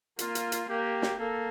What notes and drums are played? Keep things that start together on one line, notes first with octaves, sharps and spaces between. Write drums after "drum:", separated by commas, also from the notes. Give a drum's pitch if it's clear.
A#3 F4, drum: hi-hat
drum: hi-hat
drum: hi-hat
A#3 G4
drum: snare
A#3 A4